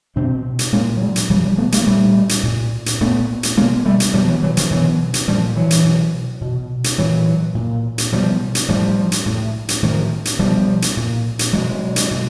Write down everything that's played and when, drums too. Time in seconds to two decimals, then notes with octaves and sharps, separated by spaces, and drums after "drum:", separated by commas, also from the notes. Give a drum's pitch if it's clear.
0.16 B2 C4 D4
0.59 drum: hi-hat
0.72 A#2 G#3 A#3
1.01 F#3 G#3
1.16 drum: hi-hat
1.30 B2 F3 G3
1.44 F3 G3
1.58 A3 B3
1.72 G#3 A#3, drum: hi-hat
1.86 A#2 G3 A3
2.29 drum: hi-hat
2.43 A#2
2.86 drum: hi-hat
3.01 A#2 A3 B3
3.43 drum: hi-hat
3.57 B2 G#3 A#3
3.85 G3 A3
4.00 drum: hi-hat
4.14 B2 F3 G3
4.28 E3 F#3
4.43 E3 F#3
4.57 D#3 F3, drum: hi-hat
4.70 B2 E3 F#3
5.14 drum: hi-hat
5.28 A#2 F3 G3
5.56 E3 F#3
5.71 drum: hi-hat
5.84 B2
6.41 B2
6.84 drum: hi-hat
6.98 A#2 E3 F#3
7.55 A#2
7.98 drum: hi-hat
8.12 B2 F3 G3
8.55 drum: hi-hat
8.69 A2 F3 G3
9.12 drum: hi-hat
9.26 A2
9.69 drum: hi-hat
9.83 A2 D#3 F3
10.25 drum: hi-hat
10.39 B2 F3 G3
10.82 drum: hi-hat
10.97 A#2
11.39 drum: hi-hat
11.53 B2 F#3 G#3
11.96 drum: hi-hat
12.11 B2